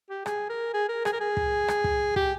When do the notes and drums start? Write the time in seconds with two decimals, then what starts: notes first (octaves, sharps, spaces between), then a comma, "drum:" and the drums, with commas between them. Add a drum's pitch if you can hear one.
0.10 G4
0.26 G#4, drum: rim click
0.50 A#4
0.74 G#4
0.89 A#4
1.05 G#4, drum: rim click
1.13 A#4
1.21 G#4
1.37 drum: kick
1.68 drum: rim click
1.84 drum: kick
2.16 G4, drum: kick